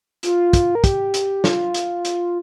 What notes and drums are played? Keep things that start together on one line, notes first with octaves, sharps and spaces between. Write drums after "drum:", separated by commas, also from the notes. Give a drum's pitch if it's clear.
F4, drum: hi-hat
drum: kick, hi-hat
A#4
G4, drum: kick, hi-hat
drum: hi-hat
F4, drum: snare
drum: hi-hat
drum: hi-hat